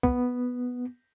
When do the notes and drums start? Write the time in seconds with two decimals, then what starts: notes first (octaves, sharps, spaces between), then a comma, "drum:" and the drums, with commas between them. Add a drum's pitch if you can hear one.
0.03 B3, drum: kick